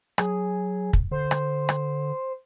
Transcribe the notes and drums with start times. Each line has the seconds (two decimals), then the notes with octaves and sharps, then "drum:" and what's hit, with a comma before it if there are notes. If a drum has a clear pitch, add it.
0.18 F#3 G#4, drum: rim click
0.93 drum: kick
1.11 D3 C5
1.31 drum: rim click
1.69 drum: rim click